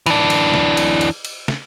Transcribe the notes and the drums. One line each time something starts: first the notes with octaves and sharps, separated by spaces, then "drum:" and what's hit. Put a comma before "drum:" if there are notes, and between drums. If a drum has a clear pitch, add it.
E3 D4, drum: cymbal
drum: cymbal
drum: snare
drum: cymbal
drum: cymbal
drum: cymbal
drum: snare